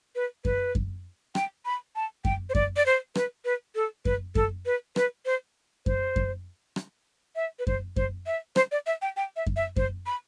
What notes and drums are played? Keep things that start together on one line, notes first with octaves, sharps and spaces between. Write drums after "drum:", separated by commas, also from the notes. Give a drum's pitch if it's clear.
B4
B4, drum: kick F#2
drum: kick F#2
G5, drum: rim click
B5
A5
G5, drum: kick F#2
C5
D5, drum: kick F#2
D5
C5
B4, drum: rim click
B4
A4
B4, drum: kick F#2
A4, drum: kick F#2
B4
B4, drum: rim click
C5
C5, drum: kick F#2
drum: kick F#2
drum: rim click
E5
B4
C5, drum: kick F#2
C5, drum: kick F#2
E5
C5, drum: rim click
D5
E5
G5
G5
E5
drum: kick F#2
E5
C5, drum: kick F#2
B5